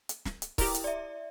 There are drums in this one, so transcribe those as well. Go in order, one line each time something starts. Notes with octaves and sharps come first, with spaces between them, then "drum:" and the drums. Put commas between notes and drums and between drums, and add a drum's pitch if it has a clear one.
drum: hi-hat
drum: snare
drum: hi-hat
E4 G4 A#4, drum: kick C#1, open hi-hat
drum: hi-hat
D5 E5